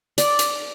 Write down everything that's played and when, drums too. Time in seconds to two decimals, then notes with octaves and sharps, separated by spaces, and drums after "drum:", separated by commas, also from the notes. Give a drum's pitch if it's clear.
0.18 D5, drum: hi-hat
0.39 drum: hi-hat